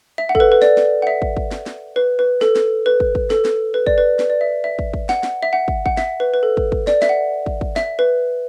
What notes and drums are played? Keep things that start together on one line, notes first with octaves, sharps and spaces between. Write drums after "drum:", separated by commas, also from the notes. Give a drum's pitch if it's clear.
E5
F#5
A4, drum: kick
B4
B4
D5, drum: snare
drum: snare
F#5
E5
drum: kick
drum: kick
drum: snare
drum: snare
B4
B4
A4, drum: snare
drum: snare
B4
drum: kick
drum: kick
A4, drum: snare
drum: snare
B4
D5, drum: kick
B4
B4, drum: snare
D5
E5
E5
drum: kick
drum: kick
F#5, drum: snare
drum: snare
E5
F#5
drum: kick
F#5, drum: kick
E5, drum: snare
B4
B4
A4
drum: kick
drum: kick
D5, drum: snare
E5, drum: snare
F#5
drum: kick
drum: kick
E5, drum: snare
B4